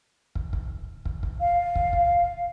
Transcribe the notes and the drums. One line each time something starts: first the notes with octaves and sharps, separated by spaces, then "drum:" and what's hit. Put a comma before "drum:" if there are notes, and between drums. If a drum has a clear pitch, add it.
drum: kick
drum: kick
drum: kick
drum: kick
F5
drum: kick
drum: kick